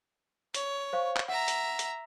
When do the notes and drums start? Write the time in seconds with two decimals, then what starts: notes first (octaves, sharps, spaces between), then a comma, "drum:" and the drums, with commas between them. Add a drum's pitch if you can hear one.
0.54 C#5, drum: hi-hat
0.93 C5 F5 C#6
1.17 drum: clap
1.28 E5 F#5 A#5
1.48 drum: hi-hat
1.79 drum: hi-hat